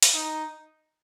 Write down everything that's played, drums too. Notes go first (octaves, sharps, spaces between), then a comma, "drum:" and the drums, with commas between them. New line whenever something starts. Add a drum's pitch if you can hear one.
drum: hi-hat
D#4